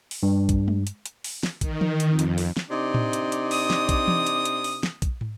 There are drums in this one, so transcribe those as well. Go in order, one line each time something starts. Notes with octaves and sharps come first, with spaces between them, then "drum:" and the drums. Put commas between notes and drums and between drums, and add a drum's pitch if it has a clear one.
drum: open hi-hat
G2
drum: kick, hi-hat
drum: tom G#3
drum: hi-hat
drum: hi-hat
drum: open hi-hat
drum: snare
D#3, drum: kick, hi-hat
drum: tom E3
drum: hi-hat
F2
drum: hi-hat
drum: open hi-hat
drum: snare
C3 D4 D#4
drum: tom A2
drum: hi-hat
drum: hi-hat
D#6, drum: open hi-hat
drum: snare
drum: kick, hi-hat
drum: tom E3
drum: hi-hat
drum: hi-hat
drum: open hi-hat
drum: snare
drum: kick, hi-hat
drum: tom